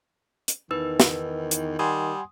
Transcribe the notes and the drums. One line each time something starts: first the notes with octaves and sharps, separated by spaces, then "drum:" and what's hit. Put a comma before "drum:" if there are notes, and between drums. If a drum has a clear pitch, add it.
drum: hi-hat
E2 D#3 D#4 B4 E6
drum: snare
drum: hi-hat
G3 F#5 G#5 C6 D#6